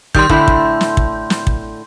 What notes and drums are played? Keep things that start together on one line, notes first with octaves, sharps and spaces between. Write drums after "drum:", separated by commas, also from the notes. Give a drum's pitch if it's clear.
D#3 G3 C6 G6, drum: kick
A2 D3 E4, drum: kick
drum: kick
drum: snare
drum: kick
drum: snare
drum: kick